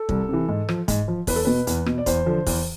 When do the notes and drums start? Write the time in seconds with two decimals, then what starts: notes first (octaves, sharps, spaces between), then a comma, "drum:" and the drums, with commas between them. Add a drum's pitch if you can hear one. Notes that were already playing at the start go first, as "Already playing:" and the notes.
Already playing: A4
0.09 C2, drum: kick
0.29 C3 E3
0.49 G#2
0.69 F3, drum: rim click
0.88 G#2, drum: kick, hi-hat
1.08 F3
1.27 E2 B4, drum: kick, open hi-hat
1.36 A4
1.45 B2 B4
1.67 E2, drum: hi-hat
1.86 B2, drum: rim click
1.98 D5
2.06 E2 C5, drum: kick, hi-hat
2.26 D3 F3
2.46 E2, drum: kick, open hi-hat